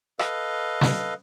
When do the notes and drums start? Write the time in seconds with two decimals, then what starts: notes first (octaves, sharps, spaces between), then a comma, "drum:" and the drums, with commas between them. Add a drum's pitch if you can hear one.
0.19 A4 B4 D#5 F5, drum: rim click
0.81 drum: snare